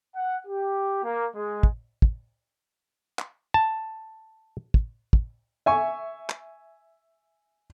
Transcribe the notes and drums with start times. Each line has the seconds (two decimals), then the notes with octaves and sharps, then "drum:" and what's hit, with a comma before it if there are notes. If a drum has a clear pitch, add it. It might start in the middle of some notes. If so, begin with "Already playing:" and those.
0.16 F#5
0.47 G4
1.04 A#3
1.35 G#3
1.63 drum: kick
2.02 drum: kick
3.19 drum: clap
3.54 A5
4.74 drum: kick
5.13 drum: kick
5.66 E5 G#5 C#6
6.30 drum: clap